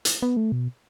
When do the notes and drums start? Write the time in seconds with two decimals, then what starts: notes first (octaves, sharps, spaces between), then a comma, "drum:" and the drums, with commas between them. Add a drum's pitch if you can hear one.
0.05 drum: hi-hat
0.22 B3
0.37 A3
0.52 B2